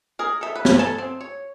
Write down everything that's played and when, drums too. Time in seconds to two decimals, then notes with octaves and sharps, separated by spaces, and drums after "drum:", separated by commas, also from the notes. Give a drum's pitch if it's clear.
0.19 G#4 A#4
0.41 A4 E5
0.55 B4
0.65 drum: snare
0.79 A4 G#5 A5
0.98 C4
1.21 C#5